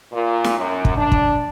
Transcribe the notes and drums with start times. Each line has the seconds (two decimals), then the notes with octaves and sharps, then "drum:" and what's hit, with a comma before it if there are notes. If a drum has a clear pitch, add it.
0.12 A#2
0.44 drum: snare
0.58 F#2
0.85 drum: kick
0.96 D4
1.12 drum: kick